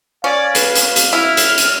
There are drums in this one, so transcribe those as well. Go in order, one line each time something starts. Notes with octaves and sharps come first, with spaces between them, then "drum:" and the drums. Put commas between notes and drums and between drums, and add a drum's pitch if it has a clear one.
C#4 D5 F5
B4, drum: hi-hat
drum: hi-hat
drum: hi-hat
E4 F6
drum: hi-hat
drum: hi-hat